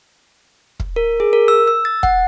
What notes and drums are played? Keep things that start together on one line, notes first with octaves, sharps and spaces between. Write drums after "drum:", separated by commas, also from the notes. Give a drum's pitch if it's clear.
drum: kick
A#4
G#4
A#4
E6
E6
A6
F#5, drum: kick